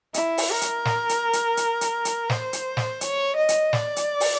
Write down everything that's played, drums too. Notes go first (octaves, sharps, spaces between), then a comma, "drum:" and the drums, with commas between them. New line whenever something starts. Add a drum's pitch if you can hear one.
E4, drum: hi-hat
drum: open hi-hat
A#4
drum: hi-hat
drum: snare
drum: hi-hat
drum: hi-hat
drum: hi-hat
drum: hi-hat
drum: hi-hat
C5, drum: snare
drum: hi-hat
drum: snare
C#5, drum: hi-hat
D#5
drum: hi-hat
D5, drum: snare
drum: hi-hat
drum: open hi-hat